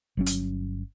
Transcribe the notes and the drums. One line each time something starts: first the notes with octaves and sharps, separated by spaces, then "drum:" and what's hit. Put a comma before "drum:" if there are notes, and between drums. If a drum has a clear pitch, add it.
G1 F#3 C#4
drum: hi-hat